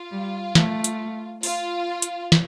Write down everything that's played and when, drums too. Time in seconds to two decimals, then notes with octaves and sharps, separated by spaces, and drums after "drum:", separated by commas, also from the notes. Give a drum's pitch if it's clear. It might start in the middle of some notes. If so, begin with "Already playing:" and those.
Already playing: F4
0.11 G3
0.55 A3, drum: snare
0.84 drum: hi-hat
1.43 F4, drum: open hi-hat
2.02 drum: hi-hat
2.32 drum: snare